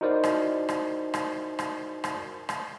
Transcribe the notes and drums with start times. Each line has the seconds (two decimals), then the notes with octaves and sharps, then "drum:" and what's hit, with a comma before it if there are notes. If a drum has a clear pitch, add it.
0.01 D#4 E4 F#4 A#4 C5 D5
0.24 drum: rim click
0.69 drum: rim click
1.14 drum: rim click
1.59 drum: rim click
2.04 drum: rim click
2.49 drum: rim click